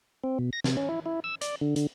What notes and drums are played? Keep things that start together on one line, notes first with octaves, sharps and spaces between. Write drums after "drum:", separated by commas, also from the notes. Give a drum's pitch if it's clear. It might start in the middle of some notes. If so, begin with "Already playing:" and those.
C4
B2
A#6
C3, drum: snare
C#4
E4
E4
E6
D5, drum: hi-hat
D3
D3, drum: hi-hat